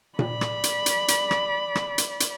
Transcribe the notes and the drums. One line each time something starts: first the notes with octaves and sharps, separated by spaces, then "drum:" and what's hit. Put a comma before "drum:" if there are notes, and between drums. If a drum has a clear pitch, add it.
D5 B5, drum: tom A#2
drum: rim click
drum: hi-hat
drum: hi-hat
drum: hi-hat
drum: rim click
drum: rim click
drum: hi-hat
drum: hi-hat